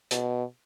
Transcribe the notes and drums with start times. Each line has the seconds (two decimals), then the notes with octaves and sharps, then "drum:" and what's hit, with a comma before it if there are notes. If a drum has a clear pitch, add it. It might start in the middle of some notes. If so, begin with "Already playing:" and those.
0.11 B2, drum: hi-hat